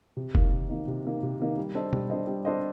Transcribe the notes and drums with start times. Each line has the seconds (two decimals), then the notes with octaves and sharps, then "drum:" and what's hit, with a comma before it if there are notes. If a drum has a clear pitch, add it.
0.17 C3
0.35 D#3 A#3 D#4, drum: kick
0.52 C3
0.69 D#3 A#3 D#4
0.88 C3
1.05 D#3 A#3 D#4
1.23 C3
1.40 D#3 A#3 D#4
1.57 G3
1.75 D4 A4 C5 D#5
1.93 G3, drum: tom B2
2.10 D4 A4 C5 D#5
2.27 G3
2.45 D4 A4 C5 D#5